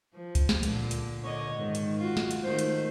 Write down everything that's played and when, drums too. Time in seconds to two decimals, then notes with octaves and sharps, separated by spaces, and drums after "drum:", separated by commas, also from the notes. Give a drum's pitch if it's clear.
0.14 F3
0.35 drum: kick C#2, hi-hat
0.49 drum: snare
0.63 A#2 D3, drum: hi-hat
0.91 drum: hi-hat
1.22 D3 C#5 D#5
1.55 G#2 D#3
1.75 drum: hi-hat
1.99 F4 F#4
2.17 drum: snare
2.31 drum: hi-hat
2.43 D#3 A3 C5
2.59 drum: hi-hat